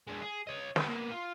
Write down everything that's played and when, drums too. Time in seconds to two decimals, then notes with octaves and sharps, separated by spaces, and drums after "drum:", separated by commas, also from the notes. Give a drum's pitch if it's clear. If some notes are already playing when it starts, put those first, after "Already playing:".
0.08 G#3 D4
0.22 G#4
0.47 C#5 D#5
0.76 B4 G5, drum: snare
0.89 A#3 B3
1.11 F4